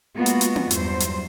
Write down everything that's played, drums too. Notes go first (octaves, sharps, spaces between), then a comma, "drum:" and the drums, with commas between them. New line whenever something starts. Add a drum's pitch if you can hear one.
G#3 A#3 B3 F4 F#4
drum: hi-hat
drum: hi-hat
drum: tom C4
E2 G2 F#3 C5, drum: hi-hat
drum: hi-hat